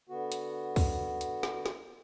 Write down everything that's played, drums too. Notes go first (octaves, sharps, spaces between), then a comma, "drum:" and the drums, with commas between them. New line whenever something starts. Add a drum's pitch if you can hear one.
D3 B3 F#4
drum: hi-hat
drum: kick, open hi-hat
drum: hi-hat
drum: snare
drum: snare